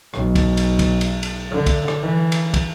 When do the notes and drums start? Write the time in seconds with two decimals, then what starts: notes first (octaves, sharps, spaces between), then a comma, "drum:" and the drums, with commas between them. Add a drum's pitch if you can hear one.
0.14 B1, drum: rim click
0.35 drum: kick, cymbal
0.57 drum: cymbal
0.79 drum: kick, cymbal
1.01 drum: cymbal
1.23 drum: cymbal
1.50 D3
1.66 drum: kick, cymbal
1.88 drum: rim click
2.02 E3
2.32 drum: cymbal
2.54 drum: kick, cymbal